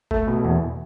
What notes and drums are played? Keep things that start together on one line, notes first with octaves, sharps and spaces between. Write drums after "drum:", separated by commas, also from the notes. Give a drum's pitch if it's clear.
A3, drum: kick G1
B2
E2